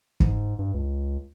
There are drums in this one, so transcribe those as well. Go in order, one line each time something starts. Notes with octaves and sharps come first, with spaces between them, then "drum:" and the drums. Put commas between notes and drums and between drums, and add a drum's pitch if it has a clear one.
G#2, drum: kick
G2
C#2